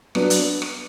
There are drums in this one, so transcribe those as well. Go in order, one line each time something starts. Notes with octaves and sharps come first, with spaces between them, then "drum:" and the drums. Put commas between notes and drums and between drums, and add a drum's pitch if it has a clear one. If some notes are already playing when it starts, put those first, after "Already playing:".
F#3 B3 D4, drum: rim click
drum: hi-hat
drum: rim click